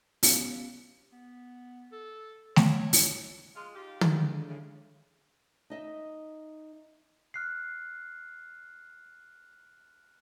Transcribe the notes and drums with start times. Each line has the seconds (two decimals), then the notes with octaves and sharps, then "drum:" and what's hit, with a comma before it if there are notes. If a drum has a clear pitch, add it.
0.23 B3 C#4 G4 C#5 F5, drum: open hi-hat
1.12 B3
1.92 A4
2.56 C#5, drum: snare A3
2.93 drum: open hi-hat
3.55 G#3 F4
3.75 D#4 F4 G4
4.01 D3 G#3, drum: tom
4.47 A2 C#3
5.70 D#4 D#5 E5
7.34 F6 F#6 C7